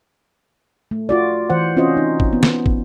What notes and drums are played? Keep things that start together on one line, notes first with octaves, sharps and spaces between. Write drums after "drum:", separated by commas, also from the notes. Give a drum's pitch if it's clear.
A3
F4 F#4 D5
E3 C5 F#5
C4 C#4 F4 F#4 C5 D#5
D#4
drum: kick
B3
drum: snare
drum: kick